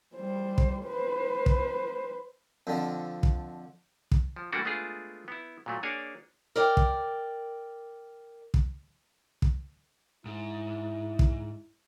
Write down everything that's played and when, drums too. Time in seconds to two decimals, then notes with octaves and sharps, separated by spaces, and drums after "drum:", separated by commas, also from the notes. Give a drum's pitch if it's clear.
0.16 G3 C5
0.58 drum: kick
0.85 B4 C5
1.46 drum: kick
2.67 F2 D3
3.23 drum: kick
4.11 drum: kick
4.36 F3
4.53 E3 G3 A3 A#3 D4 F#4
4.65 G#3 A3 B3 D4 F4 G#4
5.28 B3 E4
5.66 A#2 F#3 A3
5.83 A#3 D4 G#4 C#5 D5 G#5
6.56 A#4 D5 G5
6.77 drum: kick
8.54 drum: kick
9.42 drum: kick
10.26 G#2 E4
11.19 drum: kick